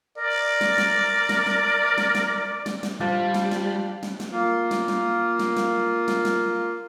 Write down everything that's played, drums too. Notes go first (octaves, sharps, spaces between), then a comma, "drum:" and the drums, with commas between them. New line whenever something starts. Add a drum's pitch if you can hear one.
A#4 D5
drum: snare
drum: snare
drum: snare
drum: snare
drum: snare
drum: snare
drum: snare
drum: snare
G3 D4 F4 C5
drum: snare
drum: snare
drum: snare
drum: snare
A#3 F4
drum: snare
drum: snare
drum: snare
drum: snare
drum: snare
drum: snare